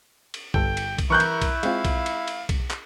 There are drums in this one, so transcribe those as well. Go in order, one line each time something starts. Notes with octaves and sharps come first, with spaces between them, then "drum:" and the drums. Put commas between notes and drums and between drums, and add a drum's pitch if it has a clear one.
drum: cymbal
G1 A4 G5, drum: kick B1
drum: cymbal
drum: kick B1, cymbal
E3 E4 A#4 C#6 F#6 G6
drum: cymbal
drum: kick B1, cymbal
G#3 C4 F4 F5, drum: cymbal
drum: kick B1, cymbal
drum: cymbal
drum: cymbal
drum: kick B1, cymbal
drum: clap